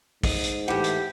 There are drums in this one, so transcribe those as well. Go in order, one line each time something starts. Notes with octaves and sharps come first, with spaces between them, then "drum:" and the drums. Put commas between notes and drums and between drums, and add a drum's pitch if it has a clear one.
G#2 D#5, drum: kick, open hi-hat
drum: hi-hat
A2 E3 G4 F#5
drum: hi-hat